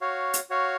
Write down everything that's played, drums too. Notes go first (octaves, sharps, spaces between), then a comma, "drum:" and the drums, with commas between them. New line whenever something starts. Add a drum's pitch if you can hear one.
F#4 C#5 F5
drum: hi-hat
F#4 C#5 F5